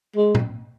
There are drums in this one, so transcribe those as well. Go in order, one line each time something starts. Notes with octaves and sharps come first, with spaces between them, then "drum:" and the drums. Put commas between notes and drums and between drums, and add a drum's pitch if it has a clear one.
G#3
drum: tom A#2